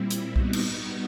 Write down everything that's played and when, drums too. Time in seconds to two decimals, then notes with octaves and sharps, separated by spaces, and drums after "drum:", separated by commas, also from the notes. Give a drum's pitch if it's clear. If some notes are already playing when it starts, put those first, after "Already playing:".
Already playing: A#2 G3 C4 E4
0.10 drum: hi-hat
0.36 G3 B3 D#4 F#4, drum: kick B1
0.53 drum: cymbal